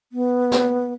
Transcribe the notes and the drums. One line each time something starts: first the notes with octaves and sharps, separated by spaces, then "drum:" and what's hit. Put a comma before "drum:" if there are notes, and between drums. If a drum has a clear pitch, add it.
B3
drum: snare